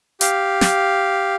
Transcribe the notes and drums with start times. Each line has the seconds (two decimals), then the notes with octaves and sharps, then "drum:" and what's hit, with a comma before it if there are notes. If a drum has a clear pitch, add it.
0.21 G4 F5, drum: hi-hat
0.61 drum: snare